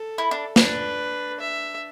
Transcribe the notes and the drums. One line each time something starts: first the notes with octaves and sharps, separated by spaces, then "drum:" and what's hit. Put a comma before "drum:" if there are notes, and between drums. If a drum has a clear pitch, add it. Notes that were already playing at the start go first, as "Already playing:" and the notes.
Already playing: A4
E4
D4
D4 B4, drum: snare
E5